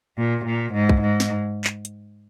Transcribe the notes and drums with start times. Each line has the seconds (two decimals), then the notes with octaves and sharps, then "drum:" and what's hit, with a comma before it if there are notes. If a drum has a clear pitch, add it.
0.17 A#2
0.45 A#2
0.74 G#2
0.89 drum: kick
1.02 G#2
1.20 drum: snare
1.64 drum: clap
1.85 drum: hi-hat